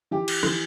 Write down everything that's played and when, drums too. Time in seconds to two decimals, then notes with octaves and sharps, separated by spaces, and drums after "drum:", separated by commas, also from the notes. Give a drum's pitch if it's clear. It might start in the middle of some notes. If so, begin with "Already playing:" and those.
0.11 E3 G4
0.28 drum: cymbal
0.43 E3, drum: rim click